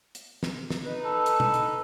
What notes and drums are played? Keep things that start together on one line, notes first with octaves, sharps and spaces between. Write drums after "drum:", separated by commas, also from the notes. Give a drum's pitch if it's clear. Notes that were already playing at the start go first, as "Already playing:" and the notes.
drum: hi-hat
drum: snare
drum: snare
D#4 B4
A4
drum: hi-hat
drum: tom
drum: hi-hat